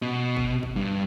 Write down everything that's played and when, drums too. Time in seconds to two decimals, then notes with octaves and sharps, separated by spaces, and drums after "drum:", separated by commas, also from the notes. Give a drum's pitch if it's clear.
0.02 B2
0.37 drum: kick G1
0.63 drum: kick G1
0.76 G2